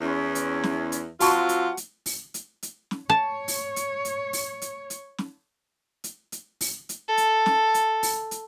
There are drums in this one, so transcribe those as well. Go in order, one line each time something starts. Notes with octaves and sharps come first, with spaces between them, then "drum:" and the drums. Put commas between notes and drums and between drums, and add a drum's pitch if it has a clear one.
E2 C#4
drum: hi-hat
drum: snare
drum: hi-hat
F#3 C4 F4 F#4 F#5 A5 C#6, drum: open hi-hat
drum: hi-hat
drum: hi-hat
drum: open hi-hat
drum: hi-hat
drum: hi-hat
drum: snare
C#5 A5
drum: open hi-hat
drum: hi-hat
drum: hi-hat
drum: open hi-hat
drum: hi-hat
drum: hi-hat
drum: snare
drum: hi-hat
drum: hi-hat
drum: open hi-hat
drum: hi-hat
A4
drum: hi-hat
drum: snare
drum: hi-hat
drum: open hi-hat
drum: hi-hat